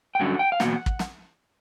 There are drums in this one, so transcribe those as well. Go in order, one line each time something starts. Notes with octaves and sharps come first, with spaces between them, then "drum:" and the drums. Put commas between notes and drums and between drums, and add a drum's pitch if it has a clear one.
G5
G2 D3 F#3 C#4 F#5
G5
F5
E2 B2 F#3 A#3 F#5, drum: snare
drum: kick
drum: snare